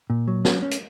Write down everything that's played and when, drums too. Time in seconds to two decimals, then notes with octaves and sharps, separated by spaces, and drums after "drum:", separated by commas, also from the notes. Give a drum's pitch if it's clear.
0.10 A#2
0.28 F#3
0.45 C#4, drum: snare
0.62 C#4
0.71 drum: hi-hat